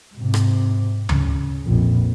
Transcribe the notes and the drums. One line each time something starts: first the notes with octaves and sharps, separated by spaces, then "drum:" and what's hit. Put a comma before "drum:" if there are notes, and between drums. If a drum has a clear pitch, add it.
G#2 C3
drum: rim click
C#3, drum: tom D2
A#1 F2